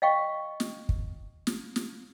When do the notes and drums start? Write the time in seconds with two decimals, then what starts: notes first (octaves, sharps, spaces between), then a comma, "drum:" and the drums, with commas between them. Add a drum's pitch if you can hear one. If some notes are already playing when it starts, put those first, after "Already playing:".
0.02 D#5 F5 G5 C#6
0.60 drum: snare
0.89 drum: kick
1.47 drum: snare
1.76 drum: snare